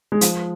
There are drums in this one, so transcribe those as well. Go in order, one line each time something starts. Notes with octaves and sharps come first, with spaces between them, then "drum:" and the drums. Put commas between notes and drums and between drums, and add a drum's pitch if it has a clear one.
G#3
F3, drum: hi-hat